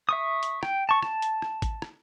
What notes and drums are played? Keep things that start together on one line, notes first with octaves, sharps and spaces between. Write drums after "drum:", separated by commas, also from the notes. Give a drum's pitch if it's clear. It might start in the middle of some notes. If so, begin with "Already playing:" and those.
E5 C#6 D#6
drum: hi-hat
G5, drum: rim click
A5 C#6
A5, drum: rim click
drum: hi-hat
drum: rim click
drum: kick G#1, hi-hat
drum: rim click